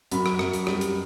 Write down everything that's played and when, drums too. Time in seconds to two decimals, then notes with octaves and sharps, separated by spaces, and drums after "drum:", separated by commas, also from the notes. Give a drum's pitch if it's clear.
0.12 F#2 B5, drum: hi-hat
0.26 drum: rim click
0.39 F#2, drum: rim click
0.53 drum: hi-hat
0.67 G3, drum: rim click
0.81 drum: hi-hat